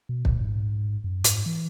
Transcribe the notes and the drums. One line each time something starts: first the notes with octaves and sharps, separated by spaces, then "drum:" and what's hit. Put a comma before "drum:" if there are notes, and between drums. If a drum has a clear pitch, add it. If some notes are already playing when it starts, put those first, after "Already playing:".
B2
A#2, drum: kick
G#2
F#2
G#2, drum: hi-hat
E3